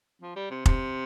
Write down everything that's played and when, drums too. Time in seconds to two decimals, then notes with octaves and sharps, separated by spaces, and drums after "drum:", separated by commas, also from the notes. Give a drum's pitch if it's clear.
0.22 F3
0.36 G3
0.51 C3
0.66 C3, drum: kick F1